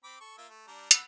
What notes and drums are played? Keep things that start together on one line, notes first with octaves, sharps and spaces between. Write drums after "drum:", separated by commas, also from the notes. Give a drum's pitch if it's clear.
C4 B5 D6
A4 C#6
A#3 F4 E5
A3
G3 D4 A#5
F#5 B5 E6, drum: hi-hat